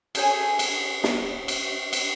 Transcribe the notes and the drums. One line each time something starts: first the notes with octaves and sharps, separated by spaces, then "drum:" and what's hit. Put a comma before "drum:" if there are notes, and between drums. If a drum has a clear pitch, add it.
G#4 A4 C5 C#5 G#5, drum: cymbal
drum: cymbal
drum: snare
drum: cymbal
drum: cymbal